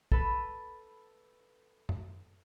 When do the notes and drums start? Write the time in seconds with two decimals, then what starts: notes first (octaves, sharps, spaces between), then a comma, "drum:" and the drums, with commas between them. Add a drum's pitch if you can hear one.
0.12 A4 B4, drum: kick
1.89 drum: tom